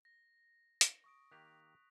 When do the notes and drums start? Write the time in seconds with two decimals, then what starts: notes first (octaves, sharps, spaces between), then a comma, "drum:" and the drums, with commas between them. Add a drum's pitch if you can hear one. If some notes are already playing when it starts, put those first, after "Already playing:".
0.05 A#6
0.81 drum: hi-hat
1.04 C#6 D#6 D7
1.31 D#3 A#3 G4 F#6 B6 F7